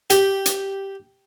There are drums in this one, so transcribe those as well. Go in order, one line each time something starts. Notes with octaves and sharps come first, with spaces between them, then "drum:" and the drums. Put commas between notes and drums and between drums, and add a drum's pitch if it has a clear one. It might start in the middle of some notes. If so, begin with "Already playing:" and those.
G4, drum: hi-hat
drum: hi-hat